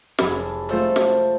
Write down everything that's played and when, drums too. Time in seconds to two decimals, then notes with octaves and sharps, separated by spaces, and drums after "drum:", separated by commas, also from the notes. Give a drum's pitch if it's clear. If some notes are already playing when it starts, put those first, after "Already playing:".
0.18 F1 G#4 A4 B5 E7, drum: snare
0.69 A3 F4 A4 C5 E5 F5, drum: hi-hat
0.96 drum: snare